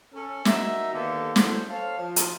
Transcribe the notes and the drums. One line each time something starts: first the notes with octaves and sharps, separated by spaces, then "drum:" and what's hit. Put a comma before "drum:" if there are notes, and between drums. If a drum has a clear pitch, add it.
C#4 A4
D#4 F#4 A#4 E5, drum: snare
D3 D#3 A#3 B3 G4 A4
D4 E4 F#4 A4 C5, drum: snare
A4 C5 C#5 F5
F3
drum: hi-hat